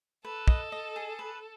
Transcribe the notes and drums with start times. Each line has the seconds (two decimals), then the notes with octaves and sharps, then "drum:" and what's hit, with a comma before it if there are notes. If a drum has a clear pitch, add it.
0.25 A4 B4
0.48 D#5, drum: kick
0.72 D#5
0.96 G#4
1.19 B4